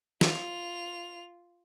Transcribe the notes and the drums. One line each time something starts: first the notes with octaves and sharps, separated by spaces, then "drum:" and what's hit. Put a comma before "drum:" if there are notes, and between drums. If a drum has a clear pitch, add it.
F4 F7, drum: snare